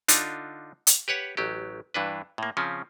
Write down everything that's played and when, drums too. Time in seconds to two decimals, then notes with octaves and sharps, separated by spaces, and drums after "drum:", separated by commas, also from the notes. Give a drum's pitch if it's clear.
0.08 D3 D4 D#4 F4, drum: hi-hat
0.87 drum: hi-hat
1.08 G4 B4 C#5 F#5
1.37 A1 F#3 G4
1.94 G2 E3 D4 B4
2.38 A2 A#3
2.57 C#3 F3 C4 C#4